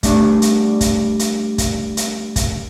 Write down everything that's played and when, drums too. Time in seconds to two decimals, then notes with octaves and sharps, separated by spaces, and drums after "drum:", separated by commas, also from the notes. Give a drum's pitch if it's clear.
0.03 G3 A3 D4 D5, drum: kick, hi-hat
0.42 drum: hi-hat
0.81 drum: kick, hi-hat
1.19 drum: hi-hat
1.58 drum: kick, hi-hat
1.97 drum: hi-hat
2.36 drum: kick, hi-hat